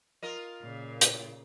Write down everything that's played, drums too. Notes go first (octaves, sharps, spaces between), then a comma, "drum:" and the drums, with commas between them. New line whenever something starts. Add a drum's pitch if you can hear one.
F4 A#4 D#5
A#2 C#3
A2, drum: hi-hat